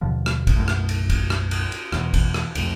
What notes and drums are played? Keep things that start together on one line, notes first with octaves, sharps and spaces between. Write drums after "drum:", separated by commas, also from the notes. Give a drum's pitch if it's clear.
D#2 B2 D3 F3
drum: rim click
drum: kick, cymbal
B1 F#2 A2
drum: rim click
drum: cymbal
drum: kick, cymbal
drum: rim click
drum: cymbal
drum: cymbal
E2 B2, drum: rim click
drum: kick, cymbal
drum: rim click
C2 F2 A2, drum: cymbal